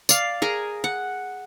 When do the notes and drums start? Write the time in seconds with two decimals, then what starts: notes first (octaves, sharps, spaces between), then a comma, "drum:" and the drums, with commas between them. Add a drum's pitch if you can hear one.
0.09 D5 F5, drum: tambourine
0.42 G#4 A#4 G#5
0.84 F#5